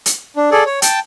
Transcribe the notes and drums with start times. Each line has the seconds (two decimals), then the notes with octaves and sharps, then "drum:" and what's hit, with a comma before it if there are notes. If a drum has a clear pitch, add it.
0.06 drum: hi-hat
0.36 D4
0.52 G#4 A4 D5
0.66 C#5
0.82 G5 A5, drum: hi-hat